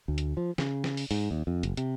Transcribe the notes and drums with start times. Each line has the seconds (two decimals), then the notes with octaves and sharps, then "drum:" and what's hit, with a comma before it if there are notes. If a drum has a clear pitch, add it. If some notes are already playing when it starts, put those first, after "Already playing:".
0.08 D2
0.18 drum: hi-hat
0.37 F3
0.58 C#3, drum: snare
0.84 drum: snare
0.97 drum: open hi-hat
1.11 G#2, drum: open hi-hat
1.31 D#2
1.47 F2
1.63 F#1, drum: hi-hat
1.77 C3, drum: hi-hat